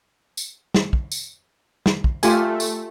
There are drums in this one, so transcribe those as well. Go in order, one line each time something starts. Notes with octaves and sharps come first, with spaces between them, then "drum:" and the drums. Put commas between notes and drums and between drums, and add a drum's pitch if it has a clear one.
drum: tambourine
drum: snare
drum: kick
drum: tambourine
drum: snare
drum: kick
A3 F4 G4 G#5, drum: tambourine
drum: tambourine